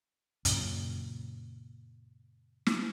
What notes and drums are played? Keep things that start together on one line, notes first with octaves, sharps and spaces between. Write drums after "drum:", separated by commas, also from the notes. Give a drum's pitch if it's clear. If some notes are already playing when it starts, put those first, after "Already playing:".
F#2 A#2 C#3, drum: hi-hat
drum: snare